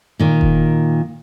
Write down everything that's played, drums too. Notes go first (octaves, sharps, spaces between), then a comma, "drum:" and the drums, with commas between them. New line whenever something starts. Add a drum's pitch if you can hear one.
A#2 D#3
drum: kick F1